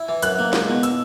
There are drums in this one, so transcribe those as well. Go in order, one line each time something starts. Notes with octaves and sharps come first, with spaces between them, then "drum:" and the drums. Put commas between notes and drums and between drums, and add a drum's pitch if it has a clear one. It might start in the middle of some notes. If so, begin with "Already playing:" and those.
Already playing: E4
E3
F#2 F#6, drum: hi-hat
A#3
C#2, drum: snare
B2
E6, drum: hi-hat